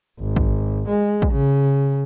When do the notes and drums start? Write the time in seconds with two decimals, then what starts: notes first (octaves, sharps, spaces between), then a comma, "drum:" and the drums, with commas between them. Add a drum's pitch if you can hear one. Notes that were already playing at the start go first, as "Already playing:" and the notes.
0.19 G#1
0.36 drum: kick
0.88 G#3
1.22 drum: kick
1.32 C#3